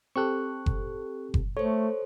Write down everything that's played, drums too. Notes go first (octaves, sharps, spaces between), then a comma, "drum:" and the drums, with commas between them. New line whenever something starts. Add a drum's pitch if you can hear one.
C4 G4 A4 C#6 F#6
drum: kick F#1
drum: kick F#1
A3 A4 C5 C#5